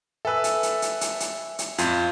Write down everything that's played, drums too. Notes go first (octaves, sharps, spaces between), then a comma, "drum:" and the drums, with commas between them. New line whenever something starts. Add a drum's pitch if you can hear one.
A4 B4 E5 G#5 E6
drum: hi-hat
drum: hi-hat
drum: hi-hat
drum: hi-hat
drum: hi-hat
drum: hi-hat
F2 F4, drum: hi-hat